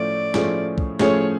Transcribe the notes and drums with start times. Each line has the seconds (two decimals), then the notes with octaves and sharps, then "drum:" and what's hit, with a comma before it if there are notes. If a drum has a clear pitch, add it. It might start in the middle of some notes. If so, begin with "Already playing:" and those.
Already playing: A2 F3 A3 C#4 D5
0.34 A2 F3 A3 C#4 G#4, drum: snare
0.78 drum: kick C2
0.99 A2 F3 A3 C#4 G#4 C#5, drum: snare